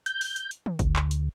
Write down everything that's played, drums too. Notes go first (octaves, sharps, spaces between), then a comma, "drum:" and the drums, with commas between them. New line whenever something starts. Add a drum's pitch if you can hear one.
G6, drum: hi-hat
drum: open hi-hat
drum: hi-hat
drum: hi-hat
drum: tom
D2, drum: kick, hi-hat
drum: clap
drum: hi-hat